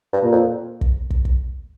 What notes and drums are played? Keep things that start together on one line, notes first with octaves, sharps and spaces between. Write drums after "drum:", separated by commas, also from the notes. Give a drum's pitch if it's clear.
G2
A#2
F2
drum: kick
drum: kick
drum: kick